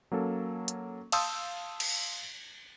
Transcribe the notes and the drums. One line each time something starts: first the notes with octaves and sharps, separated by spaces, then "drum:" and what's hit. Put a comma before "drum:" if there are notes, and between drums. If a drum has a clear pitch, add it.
F#3 A#3 C#4 A4
drum: hi-hat
F5 A5 C6 D#6 E6 G6, drum: cymbal
drum: cymbal